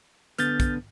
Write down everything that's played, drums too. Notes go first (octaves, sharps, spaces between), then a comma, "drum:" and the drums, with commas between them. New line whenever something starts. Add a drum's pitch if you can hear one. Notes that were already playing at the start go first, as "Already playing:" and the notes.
D3 B3 B4 F6 G6 A6, drum: hi-hat
drum: kick, hi-hat